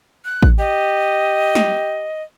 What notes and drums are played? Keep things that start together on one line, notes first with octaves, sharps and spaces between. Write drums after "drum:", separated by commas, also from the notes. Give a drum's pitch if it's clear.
F#6
drum: kick A1
G4 D#5
drum: snare